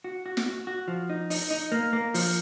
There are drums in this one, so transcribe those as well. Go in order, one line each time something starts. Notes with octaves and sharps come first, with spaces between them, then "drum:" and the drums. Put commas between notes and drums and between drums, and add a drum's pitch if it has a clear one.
F#4
F#4
drum: snare
F#4
F#4
F3
D#4
D#4, drum: open hi-hat
D#4
A#3
A#3
F3, drum: open hi-hat